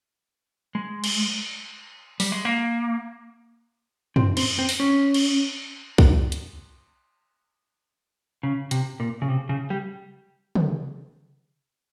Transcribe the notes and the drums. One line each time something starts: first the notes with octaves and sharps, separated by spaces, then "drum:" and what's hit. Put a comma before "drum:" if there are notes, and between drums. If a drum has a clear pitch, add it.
G#3
drum: cymbal
G3, drum: open hi-hat
G#3
A#3
C4, drum: tom
C4, drum: cymbal
C4
drum: open hi-hat
C#4
drum: cymbal
drum: kick B1
drum: hi-hat
C#3
C3, drum: hi-hat
A#2
C#3
C3
C#3
G3
drum: tom